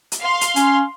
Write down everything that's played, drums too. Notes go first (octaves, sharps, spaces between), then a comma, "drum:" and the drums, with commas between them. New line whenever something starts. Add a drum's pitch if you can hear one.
drum: hi-hat
F5 C6
drum: hi-hat
C#4, drum: hi-hat